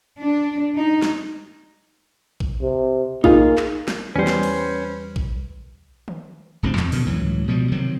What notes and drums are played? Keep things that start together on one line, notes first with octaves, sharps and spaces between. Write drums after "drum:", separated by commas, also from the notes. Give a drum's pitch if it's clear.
D4
D#4
drum: snare
drum: kick A#1
C3
A#3 D#4 F4 G#4, drum: kick A#1
drum: clap
drum: snare
E2 G3 C#4 B4 C5
drum: snare
drum: cymbal
drum: kick A#1
drum: tom
D1 C#2 D#3 C4
E2, drum: clap
B2 D3 D#3, drum: open hi-hat
C#2 A2 E3 F#3
B2 F3 G3 G#3
C3 D#3 F#3 C4